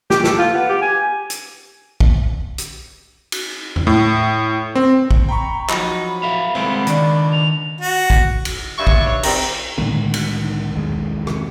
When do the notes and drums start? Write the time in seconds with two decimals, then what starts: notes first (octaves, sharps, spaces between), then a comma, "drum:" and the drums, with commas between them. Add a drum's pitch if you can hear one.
0.10 G4, drum: snare
0.24 A4, drum: snare
0.38 F4
0.55 B3
0.69 G4
0.82 G#5
1.30 drum: hi-hat
2.00 drum: kick
2.58 drum: hi-hat
3.32 drum: cymbal
3.76 drum: tom E2
3.87 A2
4.75 C4
5.11 drum: kick
5.29 G5 A#5 B5 C#6
5.69 F3 F#3 D#4 B5, drum: clap
6.23 A4 E5 F5
6.55 C2 G#3 B3 C4
6.87 C#2 D#3 D4 D5, drum: hi-hat
7.32 F7
7.80 F#4
8.10 drum: kick
8.45 drum: cymbal
8.78 G2 E5 C#6
8.87 drum: kick
9.07 C#5
9.23 D#3 G3 C4 A#5, drum: cymbal
9.78 C2 A2 D3 D#3 G#3 B3, drum: tom
10.14 drum: cymbal
10.75 B1 E2 D#3 G#3
11.27 C3, drum: rim click